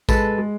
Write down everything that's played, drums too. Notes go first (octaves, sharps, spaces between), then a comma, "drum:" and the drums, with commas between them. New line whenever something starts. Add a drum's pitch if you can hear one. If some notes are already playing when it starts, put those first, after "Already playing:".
G#3 A4 B4, drum: kick A1, tambourine
G#3